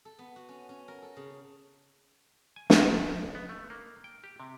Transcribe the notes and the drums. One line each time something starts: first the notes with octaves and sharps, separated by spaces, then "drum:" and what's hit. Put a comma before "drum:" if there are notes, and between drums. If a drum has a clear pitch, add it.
A4
B3
F#4
C#4
C#4
A#4
A4
C#3
G#5
D#4, drum: snare
C#2
B3
A3
A#3
G5
G4
C3